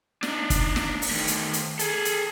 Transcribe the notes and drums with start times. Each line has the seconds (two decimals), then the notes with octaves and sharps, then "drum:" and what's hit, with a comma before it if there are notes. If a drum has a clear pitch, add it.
0.23 D4 D#4, drum: snare
0.50 drum: kick, hi-hat
0.76 drum: snare
1.02 drum: open hi-hat
1.11 D#3 A3
1.28 drum: hi-hat
1.53 drum: hi-hat
1.79 G#4 A4, drum: hi-hat
2.05 drum: hi-hat